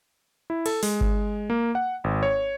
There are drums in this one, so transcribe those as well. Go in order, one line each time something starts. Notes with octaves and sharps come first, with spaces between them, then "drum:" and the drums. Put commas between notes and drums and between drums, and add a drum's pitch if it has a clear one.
E4
A4, drum: cymbal
G#3, drum: open hi-hat
drum: kick G1
A#3
F#5
G#1
C#5